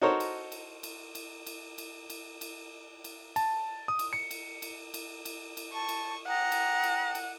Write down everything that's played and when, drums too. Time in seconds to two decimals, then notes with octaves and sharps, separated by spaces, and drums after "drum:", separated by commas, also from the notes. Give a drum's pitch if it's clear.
0.02 D#4 F#4 A4 A#4 C5 C#5
0.20 drum: cymbal
0.52 drum: cymbal
0.83 drum: cymbal
1.15 drum: cymbal
1.46 drum: cymbal
1.78 drum: cymbal
2.10 drum: cymbal
2.41 drum: cymbal
3.04 drum: cymbal
3.36 A5, drum: cymbal
3.88 D#6
3.99 drum: cymbal
4.13 C#7
4.31 drum: cymbal
4.62 drum: cymbal
4.94 drum: cymbal
5.25 drum: cymbal
5.57 drum: cymbal
5.73 A5 C#6
5.89 drum: cymbal
6.28 F#5 G5 A#5 D#6
6.52 drum: cymbal
6.83 drum: cymbal
7.15 drum: cymbal